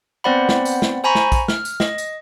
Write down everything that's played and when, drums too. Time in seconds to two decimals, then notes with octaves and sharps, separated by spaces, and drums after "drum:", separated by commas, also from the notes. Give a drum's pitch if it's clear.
0.24 B3 C4 C5 D5 F#5 B5
0.49 drum: snare
0.65 drum: tambourine
0.82 drum: snare
1.04 C5 G#5 A#5 B5 C#6
1.15 drum: snare
1.32 drum: kick, tambourine
1.48 F6, drum: snare
1.65 drum: tambourine
1.80 D#5, drum: snare
1.98 drum: tambourine